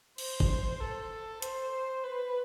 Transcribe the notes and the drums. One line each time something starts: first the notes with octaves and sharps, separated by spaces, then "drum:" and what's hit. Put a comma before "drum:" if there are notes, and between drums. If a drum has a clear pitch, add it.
C5, drum: cymbal
drum: kick
A4
C5, drum: hi-hat
B4